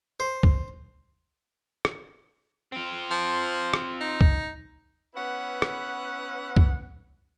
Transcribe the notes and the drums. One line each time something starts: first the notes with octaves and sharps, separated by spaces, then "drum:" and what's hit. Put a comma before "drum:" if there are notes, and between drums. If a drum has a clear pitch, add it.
C5
drum: kick
drum: rim click
C4 F4
F3
drum: rim click
D#4
drum: kick
B3 C#4 E4 B4 F#5
drum: rim click
drum: kick